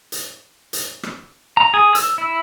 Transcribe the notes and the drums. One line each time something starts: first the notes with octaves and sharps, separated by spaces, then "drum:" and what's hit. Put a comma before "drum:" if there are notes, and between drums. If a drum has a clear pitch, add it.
drum: hi-hat
drum: hi-hat
drum: rim click
A#5
G#4
E6, drum: hi-hat
E4